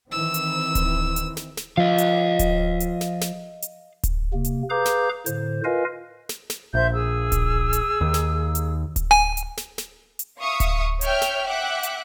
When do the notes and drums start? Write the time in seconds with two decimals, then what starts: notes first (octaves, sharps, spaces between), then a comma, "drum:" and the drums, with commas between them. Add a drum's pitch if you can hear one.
0.11 D#3 E3 C4 E6
0.34 drum: hi-hat
0.75 drum: kick D1, hi-hat
1.16 drum: hi-hat
1.37 drum: snare
1.57 drum: snare
1.78 F3 F4 D#5 F5
1.98 drum: hi-hat
2.39 drum: kick D1, hi-hat
2.80 drum: hi-hat
3.01 drum: snare
3.21 drum: snare
3.62 drum: hi-hat
4.03 drum: kick D1, hi-hat
4.33 C3 A#3
4.44 drum: hi-hat
4.70 G#4 B4 F5 A#5 D6 G6
4.86 drum: snare
5.26 A2 D3 C5, drum: hi-hat
5.64 F4 A#4 B4 D#5 F5 G#5
6.29 drum: snare
6.50 drum: snare
6.74 A#1 C5 E5 G6
6.94 G#4 E6
7.32 drum: kick D1, hi-hat
7.73 drum: hi-hat
8.01 D#2
8.14 drum: snare
8.55 drum: hi-hat
8.96 drum: kick D1, hi-hat
9.11 G#5
9.37 drum: hi-hat
9.57 drum: snare
9.78 drum: snare
10.19 drum: hi-hat
10.41 E5 F5 C#6 D#6
10.60 drum: kick D1, hi-hat
11.01 C#5 E5 G5 F6 G6, drum: hi-hat
11.22 drum: snare
11.45 E5 F#5 G5 D6 F#6
11.83 drum: hi-hat